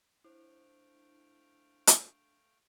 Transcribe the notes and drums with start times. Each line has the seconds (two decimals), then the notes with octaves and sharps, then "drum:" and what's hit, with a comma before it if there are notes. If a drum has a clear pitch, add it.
0.24 A3 D4 E4 C5 F5 G5
1.87 drum: hi-hat